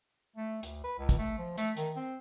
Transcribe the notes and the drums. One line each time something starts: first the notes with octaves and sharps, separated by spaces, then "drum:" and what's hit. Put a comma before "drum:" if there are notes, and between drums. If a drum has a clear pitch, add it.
A3
D2, drum: hi-hat
B4
C#2
drum: kick, hi-hat
A3
F3
A3, drum: hi-hat
D#3, drum: hi-hat
C4